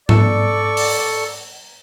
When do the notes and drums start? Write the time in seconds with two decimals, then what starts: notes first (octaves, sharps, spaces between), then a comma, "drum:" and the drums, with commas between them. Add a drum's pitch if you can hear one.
0.09 A4 D5 C#6, drum: tom G#2
0.77 drum: open hi-hat